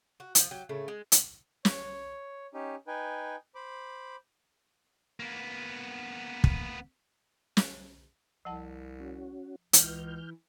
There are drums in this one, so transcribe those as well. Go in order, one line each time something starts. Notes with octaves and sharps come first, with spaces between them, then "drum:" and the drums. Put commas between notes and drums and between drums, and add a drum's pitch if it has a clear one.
F#4
F3 F#3, drum: hi-hat
F#3 G4
A2 C#3 A3
G#3
drum: hi-hat
C#5, drum: snare
C#4 D#4 G4
D#4 B4 G5 G#5
C5 B5 D6
A#3 B3
drum: kick
drum: snare
C2 F3 F#5 A5
C#4 F#4
C#2 E3 F6 G6, drum: hi-hat